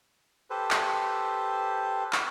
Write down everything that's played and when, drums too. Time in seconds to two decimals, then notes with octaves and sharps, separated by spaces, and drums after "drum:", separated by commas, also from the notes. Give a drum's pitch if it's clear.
0.50 G4 A4 B4 C5
0.71 drum: clap
2.13 drum: clap